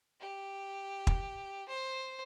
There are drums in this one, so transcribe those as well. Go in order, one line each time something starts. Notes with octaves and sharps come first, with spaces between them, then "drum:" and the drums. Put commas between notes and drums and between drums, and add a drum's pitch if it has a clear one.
G4
drum: kick
C5